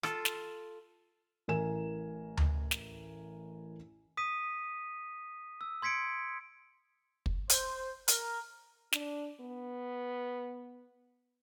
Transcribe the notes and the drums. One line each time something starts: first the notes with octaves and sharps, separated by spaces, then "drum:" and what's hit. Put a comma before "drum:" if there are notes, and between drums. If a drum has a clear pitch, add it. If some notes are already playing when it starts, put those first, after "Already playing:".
F4 A4, drum: rim click
drum: snare
A1 A2 A#4 G#5 E7
drum: tom D2
drum: snare
D#6 B6 D#7
E6
C6 G#6 B6 C#7 D7
drum: kick
C5, drum: hi-hat
A#4, drum: hi-hat
D4, drum: snare
B3